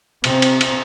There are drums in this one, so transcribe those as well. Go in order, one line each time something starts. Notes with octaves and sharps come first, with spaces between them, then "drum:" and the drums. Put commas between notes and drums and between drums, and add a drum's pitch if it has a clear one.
C3 C4, drum: cymbal
drum: cymbal
drum: cymbal